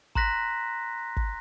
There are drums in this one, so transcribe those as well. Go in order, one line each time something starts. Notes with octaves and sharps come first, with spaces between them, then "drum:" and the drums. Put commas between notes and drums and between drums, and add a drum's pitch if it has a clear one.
A#5 C6 F#6 A#6 B6, drum: kick
drum: kick